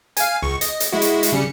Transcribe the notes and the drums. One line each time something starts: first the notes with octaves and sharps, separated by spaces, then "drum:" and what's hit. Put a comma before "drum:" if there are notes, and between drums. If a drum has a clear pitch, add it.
F5 G#5, drum: hi-hat
C#2 C#6
D#5, drum: hi-hat
drum: hi-hat
G#3 E4 F#4
drum: hi-hat
drum: hi-hat
C#3 G3 C#7